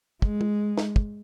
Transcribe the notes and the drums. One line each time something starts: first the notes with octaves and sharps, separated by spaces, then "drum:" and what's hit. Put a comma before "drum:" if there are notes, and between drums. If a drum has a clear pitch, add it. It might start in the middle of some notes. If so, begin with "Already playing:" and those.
G#3, drum: kick
drum: tom
drum: snare
drum: kick